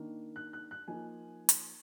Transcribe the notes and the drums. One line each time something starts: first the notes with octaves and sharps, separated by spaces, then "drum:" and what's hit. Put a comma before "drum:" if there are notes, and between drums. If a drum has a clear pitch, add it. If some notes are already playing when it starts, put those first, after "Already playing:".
Already playing: D#3 A#3 D4
F#6
F#6
F#6
F3 A#3 D#4 G#5
drum: hi-hat